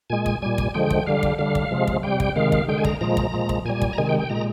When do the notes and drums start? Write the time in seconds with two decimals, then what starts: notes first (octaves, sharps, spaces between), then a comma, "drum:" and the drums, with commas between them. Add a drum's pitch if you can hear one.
0.10 A#2 G#3 G#5
0.26 drum: kick
0.42 A#2 G3 G#5
0.58 drum: kick
0.74 D3 F3 G#3 G5
0.91 drum: kick
1.06 D3 G3 F5
1.23 drum: kick
1.38 D3 G3 F5
1.55 drum: kick
1.71 C3 F3 G#3
1.88 drum: kick
2.03 C3 G3 G5
2.20 drum: kick
2.36 C3 D#3 G#3 F5
2.52 drum: kick
2.68 D3 G#3 G5
2.78 G#5
2.85 A#5, drum: kick
3.01 A#2 F3 G#3 A#5
3.17 drum: kick
3.33 A#2 F3 G#3
3.49 drum: kick
3.65 A#2 G3 G#5
3.82 drum: kick
3.93 A#5
3.98 C3 D#3 G#3 G#5
4.09 G5
4.19 G5
4.30 A#2 G#3 A#5